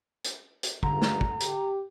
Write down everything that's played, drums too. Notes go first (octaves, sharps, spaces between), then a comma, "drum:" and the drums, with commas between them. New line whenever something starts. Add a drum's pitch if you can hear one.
drum: hi-hat
drum: hi-hat
C#2 G2 D3 A#5, drum: kick
drum: snare
drum: kick
G4, drum: hi-hat